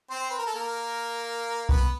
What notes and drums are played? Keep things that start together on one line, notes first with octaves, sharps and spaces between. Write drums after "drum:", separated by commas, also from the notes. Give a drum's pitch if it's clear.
C4 C5
B4
A#4
A4
A#3 A#4
B3 B4, drum: kick B1